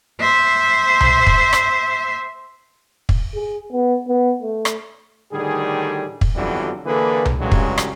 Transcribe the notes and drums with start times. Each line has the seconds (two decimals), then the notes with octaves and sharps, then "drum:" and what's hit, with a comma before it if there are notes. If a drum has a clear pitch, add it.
0.20 C5 E5
1.01 drum: tom C2
1.27 drum: kick
1.53 drum: rim click
3.09 drum: kick
3.35 G#4
3.72 B3
4.08 B3
4.42 A3
4.65 drum: rim click
5.32 A2 D3 D#3 G3 G#4
6.21 drum: kick
6.35 B1 F2 D3 E3 F#3 G3
6.85 D3 E3 A#3 G#4 A4 B4
7.25 drum: tom C2
7.39 A1 G2 C#3 F#3 G#3
7.52 drum: kick
7.78 drum: rim click